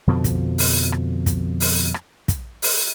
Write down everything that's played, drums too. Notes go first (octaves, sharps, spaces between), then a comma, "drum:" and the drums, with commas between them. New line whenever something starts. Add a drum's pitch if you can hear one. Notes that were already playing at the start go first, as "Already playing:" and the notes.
F2 B2 D3 F3
drum: kick, hi-hat
drum: open hi-hat
drum: rim click
drum: kick, hi-hat
drum: open hi-hat
drum: rim click
drum: kick, hi-hat
drum: open hi-hat